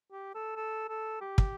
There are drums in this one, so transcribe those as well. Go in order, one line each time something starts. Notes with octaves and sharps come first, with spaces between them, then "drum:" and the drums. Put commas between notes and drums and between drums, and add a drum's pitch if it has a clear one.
G4
A4
A4
A4
G4
drum: kick